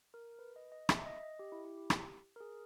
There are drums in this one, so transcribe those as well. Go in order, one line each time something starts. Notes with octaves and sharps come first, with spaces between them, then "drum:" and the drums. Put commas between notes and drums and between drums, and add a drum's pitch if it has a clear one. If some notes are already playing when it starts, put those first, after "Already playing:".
A#4
B4
D#5
D#5
E5, drum: rim click
D#5
D#5
G4
E4
E4
G4
drum: rim click
A#4
G#4